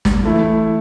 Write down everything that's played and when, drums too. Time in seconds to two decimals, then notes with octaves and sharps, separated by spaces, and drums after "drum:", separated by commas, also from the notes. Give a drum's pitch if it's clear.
0.05 drum: snare
0.23 E3 A3 E4